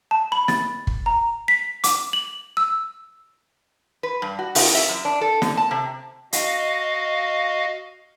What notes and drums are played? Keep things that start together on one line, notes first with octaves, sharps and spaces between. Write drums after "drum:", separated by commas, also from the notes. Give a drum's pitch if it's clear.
A5
B5
A6, drum: snare
drum: kick
A#5
B6
D6, drum: hi-hat
F#7
E6
B4
G2
F#4
C#3, drum: open hi-hat
E5
F#2
D4
A4
D3, drum: snare
A5
C3
F#4 D#5 F5, drum: hi-hat